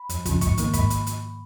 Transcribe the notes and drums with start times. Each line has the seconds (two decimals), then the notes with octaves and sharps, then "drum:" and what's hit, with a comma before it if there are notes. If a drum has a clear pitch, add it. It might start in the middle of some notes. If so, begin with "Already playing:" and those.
Already playing: B5
0.09 F2, drum: hi-hat
0.25 C#3 F3, drum: kick, hi-hat
0.41 G#2 C#6, drum: kick, hi-hat
0.58 D#3 A#3, drum: hi-hat
0.73 G#2 B5, drum: kick, hi-hat
0.90 drum: hi-hat
1.07 drum: hi-hat